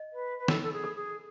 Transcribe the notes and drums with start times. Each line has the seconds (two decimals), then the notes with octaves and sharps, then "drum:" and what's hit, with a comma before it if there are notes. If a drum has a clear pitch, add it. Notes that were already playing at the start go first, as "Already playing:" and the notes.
Already playing: D#5
0.12 B4
0.38 B4
0.48 A4, drum: snare
0.62 A4
0.72 G#4
0.84 A4
0.95 G#4